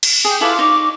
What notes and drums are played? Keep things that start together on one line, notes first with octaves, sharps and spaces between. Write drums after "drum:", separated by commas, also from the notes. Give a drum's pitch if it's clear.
drum: cymbal
G4 G#4
E4 F4 A4 B4 D6
D#4 C#5 D6